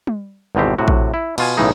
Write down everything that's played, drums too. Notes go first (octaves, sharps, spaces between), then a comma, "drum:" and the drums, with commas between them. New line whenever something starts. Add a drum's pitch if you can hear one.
drum: tom G3
G#1 E2 B2 C4 G4
A2 C3 F#4
drum: kick A#1
E4
B2 F4 G#5, drum: cymbal
B1 A2 C#3 E3 D#4 G#4